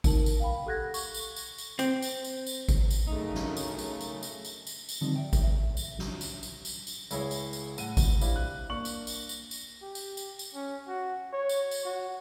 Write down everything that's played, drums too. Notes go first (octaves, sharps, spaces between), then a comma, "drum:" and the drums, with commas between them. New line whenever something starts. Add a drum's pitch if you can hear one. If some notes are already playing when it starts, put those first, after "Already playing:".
D#4 A#4 A5 F#7, drum: kick G#1, tambourine
drum: tambourine
F5 G5 B5
G4 A4 F#5 F#6 G#6 A#6
C#6, drum: tambourine
drum: tambourine
drum: tambourine
drum: tambourine
C4, drum: tambourine
drum: tambourine
drum: tambourine
drum: tambourine
drum: kick G#1, tambourine
drum: tambourine
F#2 C#3 A3 D#4
drum: snare
drum: tambourine
drum: tambourine
drum: tambourine
drum: tambourine
drum: tambourine
drum: tambourine
drum: tambourine
D3 D#3 F3 G3 C4 D#4
D5 E5 G5
drum: kick G#1, tambourine
E5
drum: tambourine
drum: snare
drum: tambourine
drum: tambourine
drum: tambourine
drum: tambourine
C#2 E4 G#4 C#5, drum: tambourine
drum: tambourine
drum: tambourine
A2 F#5 D#7, drum: tambourine
drum: kick G#1, tambourine
D4 E4 G4 C5 F5, drum: tambourine
F#6
A#3 D4 C#6 F#7
drum: tambourine
drum: tambourine
drum: tambourine
drum: tambourine
G4
drum: tambourine
drum: tambourine
drum: tambourine
C#4
F#4
C#5
drum: tambourine
drum: tambourine
F#4